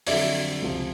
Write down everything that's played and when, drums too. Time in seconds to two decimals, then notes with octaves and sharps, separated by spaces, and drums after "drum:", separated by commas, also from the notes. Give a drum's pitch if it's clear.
0.07 F2 D3 F#3 D5 E5, drum: open hi-hat
0.62 C#2 C3 F3